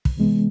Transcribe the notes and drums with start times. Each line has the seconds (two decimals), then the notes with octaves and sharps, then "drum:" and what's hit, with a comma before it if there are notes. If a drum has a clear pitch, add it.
0.05 drum: kick
0.17 C3 E3 G#3 B3